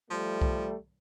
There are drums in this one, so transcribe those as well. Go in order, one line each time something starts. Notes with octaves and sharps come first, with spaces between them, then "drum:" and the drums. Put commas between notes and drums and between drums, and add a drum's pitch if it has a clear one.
F3 G3 A3
drum: kick B1